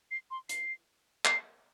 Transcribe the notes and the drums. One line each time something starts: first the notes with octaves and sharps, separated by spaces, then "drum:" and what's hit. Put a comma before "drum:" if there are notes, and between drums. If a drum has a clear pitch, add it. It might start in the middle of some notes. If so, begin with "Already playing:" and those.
C7
C6
C7, drum: hi-hat
C7, drum: clap